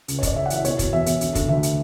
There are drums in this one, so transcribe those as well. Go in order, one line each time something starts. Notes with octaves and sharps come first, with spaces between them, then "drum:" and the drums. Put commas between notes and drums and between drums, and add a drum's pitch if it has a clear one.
C#2, drum: hi-hat
C#5
C#3 D5, drum: kick, hi-hat
C#2 E5
F#5
E3, drum: hi-hat
E5
B2 C#5, drum: hi-hat
B2, drum: kick, hi-hat
E2 E5
E2, drum: hi-hat
D3, drum: hi-hat
D3, drum: kick, hi-hat
D2 E5
drum: hi-hat